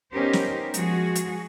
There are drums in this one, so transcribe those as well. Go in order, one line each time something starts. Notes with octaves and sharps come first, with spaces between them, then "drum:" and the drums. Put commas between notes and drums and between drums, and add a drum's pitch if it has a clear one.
B3 C#4 D#4 G4 A#4 C5
drum: snare
F3 G#3 F#4 G#4, drum: hi-hat
drum: hi-hat